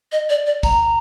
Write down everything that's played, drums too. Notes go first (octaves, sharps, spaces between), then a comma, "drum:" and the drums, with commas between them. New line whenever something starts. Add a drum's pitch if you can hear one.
D#5
D5
D5
A#5, drum: kick, tambourine